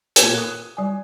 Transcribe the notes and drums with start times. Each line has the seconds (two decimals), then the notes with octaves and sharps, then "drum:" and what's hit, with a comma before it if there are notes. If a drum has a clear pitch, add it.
0.16 A#2 A#3 C#5 G#6, drum: hi-hat
0.34 D#6 F#6
0.77 G3 G#5